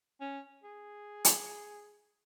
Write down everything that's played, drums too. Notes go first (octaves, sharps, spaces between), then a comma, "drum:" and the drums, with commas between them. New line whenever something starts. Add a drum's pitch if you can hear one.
C#4
G#4
drum: hi-hat